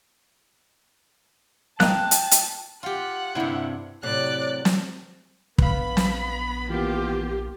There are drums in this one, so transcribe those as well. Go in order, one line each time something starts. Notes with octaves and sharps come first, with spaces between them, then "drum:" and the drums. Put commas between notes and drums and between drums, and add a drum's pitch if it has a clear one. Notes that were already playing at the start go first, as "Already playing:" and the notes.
A#3 D#4 G5 A5 F#6, drum: snare
drum: hi-hat
drum: hi-hat
F4 G4 F#5
G2 C3 D4 E4 A#4
A2 C3 F#3 D5 F#6
drum: snare
A#1 B3 B4 F5 B5, drum: kick
drum: snare
E3 A#3 B3 F4 G4